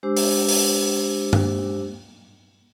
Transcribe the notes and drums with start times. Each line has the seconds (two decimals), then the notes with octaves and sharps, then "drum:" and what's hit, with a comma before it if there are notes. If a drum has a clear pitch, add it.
0.03 G#3 D4 G4 C5 D6 E6
0.17 drum: open hi-hat
0.48 drum: open hi-hat
1.33 drum: tom G2